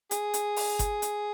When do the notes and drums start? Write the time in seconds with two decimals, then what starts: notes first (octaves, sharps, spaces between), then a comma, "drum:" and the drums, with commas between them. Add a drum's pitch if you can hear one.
0.11 G#4, drum: hi-hat
0.34 drum: hi-hat
0.56 drum: open hi-hat
0.79 drum: kick G1, hi-hat
1.02 drum: hi-hat